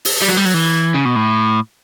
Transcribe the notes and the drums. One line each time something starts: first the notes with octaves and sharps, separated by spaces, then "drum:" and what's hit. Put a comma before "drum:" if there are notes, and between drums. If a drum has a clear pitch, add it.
drum: open hi-hat
G3
F#3
G3
F#3
E3
C#3
B2
A2